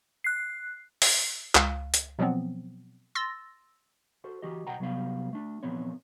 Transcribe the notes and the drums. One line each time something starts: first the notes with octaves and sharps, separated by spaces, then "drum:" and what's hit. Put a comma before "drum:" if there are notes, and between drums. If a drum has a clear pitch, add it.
F#6 C7
drum: open hi-hat
C#2 F5, drum: clap
drum: hi-hat
B2 F3 F#3 B3 C4
C6 E6 A6 A#6
F#4 A4 C5
E3 F#4 G4 D#5
B1 C5 D#5 F#5 G5 A#5
C3 F#3 G3 B3 C5 F5
A3 D4
A#2 E3 F3 B3 C4 C#5